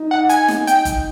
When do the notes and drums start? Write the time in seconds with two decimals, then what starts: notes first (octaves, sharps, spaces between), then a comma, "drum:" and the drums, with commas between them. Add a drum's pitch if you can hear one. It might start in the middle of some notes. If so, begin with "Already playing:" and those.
Already playing: D#4
0.11 F#5
0.29 G#5, drum: hi-hat
0.48 drum: snare
0.67 G5, drum: hi-hat
0.85 drum: kick G1, hi-hat